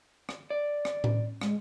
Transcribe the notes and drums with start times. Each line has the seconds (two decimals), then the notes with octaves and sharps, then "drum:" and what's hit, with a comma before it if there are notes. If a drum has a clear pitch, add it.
0.29 drum: rim click
0.50 D5
0.85 drum: rim click
1.04 drum: tom A2
1.41 G#3, drum: rim click